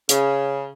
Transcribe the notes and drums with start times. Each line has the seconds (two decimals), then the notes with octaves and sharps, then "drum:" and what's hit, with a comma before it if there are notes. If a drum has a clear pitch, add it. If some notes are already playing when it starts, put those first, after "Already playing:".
0.09 C#3, drum: hi-hat